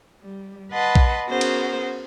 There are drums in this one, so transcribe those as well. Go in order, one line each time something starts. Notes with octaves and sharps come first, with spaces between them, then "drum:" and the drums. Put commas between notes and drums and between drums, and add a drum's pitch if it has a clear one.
G3
B4 D#5 F#5 A5 B5 C6
drum: kick A#1
B3 C#4 F#4 G#4 A#4 C5
drum: cymbal